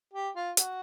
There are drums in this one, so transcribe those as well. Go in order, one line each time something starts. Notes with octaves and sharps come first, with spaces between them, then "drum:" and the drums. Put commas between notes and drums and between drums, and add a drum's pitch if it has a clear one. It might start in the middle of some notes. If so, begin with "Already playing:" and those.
G4
F4
F#4, drum: hi-hat